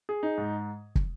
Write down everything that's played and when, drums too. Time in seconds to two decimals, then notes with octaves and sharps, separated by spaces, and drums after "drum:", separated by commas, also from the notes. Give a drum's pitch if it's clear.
0.09 G#4
0.23 D#4
0.38 G#2
0.95 drum: kick